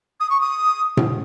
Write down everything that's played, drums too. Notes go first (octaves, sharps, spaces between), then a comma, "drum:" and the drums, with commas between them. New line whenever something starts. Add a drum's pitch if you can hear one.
D#6
C#6
D#6
drum: tom A2